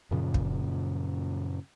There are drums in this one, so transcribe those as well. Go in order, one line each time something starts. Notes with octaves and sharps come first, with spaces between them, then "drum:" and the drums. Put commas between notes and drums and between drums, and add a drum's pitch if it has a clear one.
F#2 A#2 C#3 F3
drum: kick